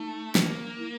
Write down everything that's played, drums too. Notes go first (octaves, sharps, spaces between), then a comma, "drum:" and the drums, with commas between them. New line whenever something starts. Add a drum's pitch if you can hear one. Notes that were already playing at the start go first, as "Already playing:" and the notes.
Already playing: A3 D#4
A#3, drum: snare
E4